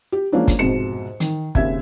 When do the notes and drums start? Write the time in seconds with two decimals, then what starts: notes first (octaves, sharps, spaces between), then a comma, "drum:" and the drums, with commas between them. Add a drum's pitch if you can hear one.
0.12 G4
0.32 F3 G#3 A#3 C#4 D4
0.48 drum: kick, hi-hat
0.59 C2 F2 G#2 B2 C#7 E7
1.20 D#3, drum: hi-hat
1.55 G#1 D#2 C#3 E5 G#6, drum: kick